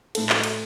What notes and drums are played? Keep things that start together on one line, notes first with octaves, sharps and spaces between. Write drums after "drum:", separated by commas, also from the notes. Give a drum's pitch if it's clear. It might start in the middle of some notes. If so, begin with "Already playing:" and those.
A2 A4, drum: cymbal
drum: clap
drum: cymbal